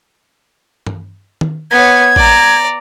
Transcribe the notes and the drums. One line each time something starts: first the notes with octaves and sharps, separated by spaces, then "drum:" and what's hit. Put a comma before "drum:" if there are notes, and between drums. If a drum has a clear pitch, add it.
drum: tom G2
drum: tom D#3
B3 C#5 G#6
D5 A#5, drum: kick A1